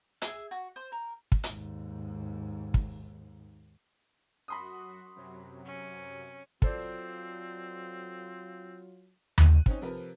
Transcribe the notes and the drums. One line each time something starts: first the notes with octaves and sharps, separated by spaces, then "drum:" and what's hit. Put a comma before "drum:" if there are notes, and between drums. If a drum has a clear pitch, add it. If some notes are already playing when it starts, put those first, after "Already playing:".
G#4 E5 G#5, drum: hi-hat
F#4
C5
A#4
drum: kick
D#2 G#2, drum: hi-hat
drum: kick
F#2 F#4 B5 C6 D#6
F#2 C3 F#3
C#4
F#3 C4 F4 A4 C5 D5, drum: kick
F#6 D#7, drum: tom D#2
C4 C#4 D#4, drum: kick
C3 F3 A#4 B4